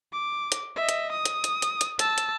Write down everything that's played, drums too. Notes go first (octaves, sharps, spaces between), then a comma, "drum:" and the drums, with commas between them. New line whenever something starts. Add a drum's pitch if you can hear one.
D6
drum: hi-hat
D#5 E5
drum: hi-hat
D#6
drum: hi-hat
drum: hi-hat
drum: hi-hat
drum: hi-hat
A5 E6, drum: hi-hat
drum: hi-hat